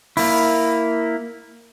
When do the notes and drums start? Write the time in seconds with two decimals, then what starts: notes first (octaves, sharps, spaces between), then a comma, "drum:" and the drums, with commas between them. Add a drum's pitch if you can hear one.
0.17 A#3 E4, drum: open hi-hat